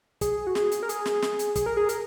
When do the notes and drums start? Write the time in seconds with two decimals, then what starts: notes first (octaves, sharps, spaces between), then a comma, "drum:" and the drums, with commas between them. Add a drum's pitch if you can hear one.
0.21 G#4, drum: kick, hi-hat
0.47 F#4
0.55 G#4, drum: snare
0.72 drum: hi-hat
0.83 A#4
0.89 G#4, drum: hi-hat
1.05 drum: snare
1.22 drum: snare
1.39 drum: hi-hat
1.56 G#4, drum: kick, hi-hat
1.66 A#4
1.77 G#4
1.89 A#4, drum: hi-hat